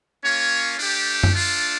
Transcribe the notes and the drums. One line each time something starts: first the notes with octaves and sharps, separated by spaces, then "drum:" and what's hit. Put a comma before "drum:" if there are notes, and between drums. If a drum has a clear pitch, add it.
A#3 C#4 F4 C#5
A3 D4 G4
drum: tom F#2
A3 D4 F4